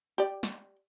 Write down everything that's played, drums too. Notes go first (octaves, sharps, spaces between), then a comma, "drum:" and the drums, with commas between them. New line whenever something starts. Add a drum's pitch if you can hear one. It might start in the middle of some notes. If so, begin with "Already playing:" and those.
G4 D5
drum: snare